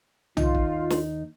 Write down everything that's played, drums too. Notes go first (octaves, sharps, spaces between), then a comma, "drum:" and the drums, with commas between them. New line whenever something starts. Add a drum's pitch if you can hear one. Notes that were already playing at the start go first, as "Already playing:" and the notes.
D#2 D#4 F4, drum: tom
drum: kick
drum: snare